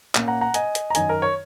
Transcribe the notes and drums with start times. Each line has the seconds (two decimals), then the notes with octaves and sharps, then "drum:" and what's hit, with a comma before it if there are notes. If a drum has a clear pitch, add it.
0.15 A#2 A#3 C#4, drum: clap
0.28 F#5 A#5
0.41 F#5 A#5
0.54 D#5 G#5, drum: hi-hat
0.75 drum: hi-hat
0.90 A#5
0.95 F#2 D#3 F#3 D#5 G#5, drum: hi-hat
1.09 A#4
1.22 C#5